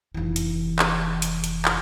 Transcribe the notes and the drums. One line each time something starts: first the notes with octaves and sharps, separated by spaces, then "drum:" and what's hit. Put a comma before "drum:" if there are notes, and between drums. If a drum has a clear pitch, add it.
F1 E3
drum: hi-hat
drum: clap
drum: hi-hat
drum: hi-hat
drum: clap